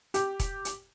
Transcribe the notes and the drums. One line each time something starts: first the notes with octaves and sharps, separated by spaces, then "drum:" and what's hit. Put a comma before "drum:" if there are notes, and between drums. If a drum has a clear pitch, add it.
G4, drum: hi-hat
drum: kick E1, hi-hat
drum: hi-hat